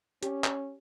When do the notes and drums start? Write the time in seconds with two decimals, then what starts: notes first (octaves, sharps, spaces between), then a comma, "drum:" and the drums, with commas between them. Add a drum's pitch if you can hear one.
0.23 C#4 G4, drum: hi-hat
0.44 drum: clap